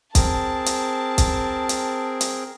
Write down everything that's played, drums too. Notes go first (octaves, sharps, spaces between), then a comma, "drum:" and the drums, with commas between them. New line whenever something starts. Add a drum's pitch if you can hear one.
C4 G#4 A#4 A5, drum: kick, hi-hat
drum: hi-hat
drum: kick, hi-hat
drum: hi-hat
drum: hi-hat